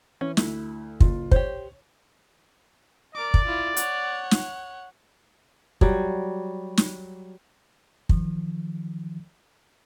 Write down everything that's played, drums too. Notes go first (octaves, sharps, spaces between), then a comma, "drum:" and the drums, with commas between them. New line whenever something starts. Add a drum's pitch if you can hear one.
E3 C#4
D2 E4, drum: snare
F#1 F4, drum: kick
G4 C5 C#5, drum: kick
A#4 D5 D6
drum: kick
E4 F4
C#5 F#5, drum: hi-hat
drum: snare
F#3 G3, drum: kick
drum: snare
D#3 F3, drum: kick